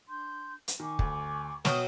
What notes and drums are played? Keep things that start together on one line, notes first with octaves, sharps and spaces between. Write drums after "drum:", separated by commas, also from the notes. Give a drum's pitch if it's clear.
D4 C6 G6
drum: hi-hat
D#3 G#5 C#6 D6
D2, drum: kick
B2 F#3 E5 G5 C#6 D#6 F6, drum: snare